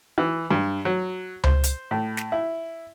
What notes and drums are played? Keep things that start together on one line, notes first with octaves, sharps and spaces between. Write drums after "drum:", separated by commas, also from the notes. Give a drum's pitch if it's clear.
E3
G2
F#3
C5, drum: tom C#2
drum: hi-hat
A2
drum: snare
E4